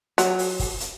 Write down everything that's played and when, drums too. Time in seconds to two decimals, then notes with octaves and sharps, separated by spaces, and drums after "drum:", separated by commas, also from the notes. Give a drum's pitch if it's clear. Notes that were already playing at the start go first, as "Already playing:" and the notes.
0.18 F#3, drum: hi-hat
0.39 drum: open hi-hat
0.60 drum: kick, open hi-hat
0.80 drum: hi-hat